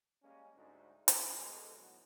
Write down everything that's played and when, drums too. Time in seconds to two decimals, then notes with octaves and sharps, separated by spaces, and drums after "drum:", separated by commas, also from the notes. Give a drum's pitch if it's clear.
0.23 G3 G#3 A#3 C#4
0.56 D2 G#2
1.08 A1 G3 A3 C4 D4 A#4, drum: hi-hat
1.37 B2 D3 G#3
1.74 G#1 A2 F#3 B3 F#4